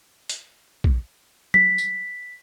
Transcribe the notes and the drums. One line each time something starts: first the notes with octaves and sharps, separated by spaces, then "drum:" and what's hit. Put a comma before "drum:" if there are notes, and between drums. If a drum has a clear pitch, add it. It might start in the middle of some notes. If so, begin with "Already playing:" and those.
drum: hi-hat
drum: kick A#1
B6, drum: tom F#3
drum: tambourine